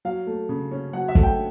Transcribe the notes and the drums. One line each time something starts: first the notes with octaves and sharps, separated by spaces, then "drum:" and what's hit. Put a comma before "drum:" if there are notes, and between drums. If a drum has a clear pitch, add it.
F#3 F5
A3
C#3
C#4
F#3 F#5
E5
A3, drum: kick
G5